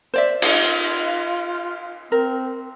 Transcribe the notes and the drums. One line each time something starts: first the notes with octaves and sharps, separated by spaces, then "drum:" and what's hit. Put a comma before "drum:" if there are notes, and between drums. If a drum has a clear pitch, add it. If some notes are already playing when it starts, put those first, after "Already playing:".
C5 D5 E5
F4, drum: cymbal
C4 A#4